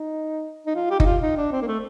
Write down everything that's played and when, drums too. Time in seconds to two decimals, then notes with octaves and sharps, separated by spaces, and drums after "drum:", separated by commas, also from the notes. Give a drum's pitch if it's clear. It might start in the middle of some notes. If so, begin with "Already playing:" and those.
Already playing: D#4
0.67 D#4
0.76 F4
0.90 G4
1.00 D#4, drum: kick F#1
1.06 F4
1.22 D#4
1.37 D4
1.52 C4
1.62 A#3
1.68 A3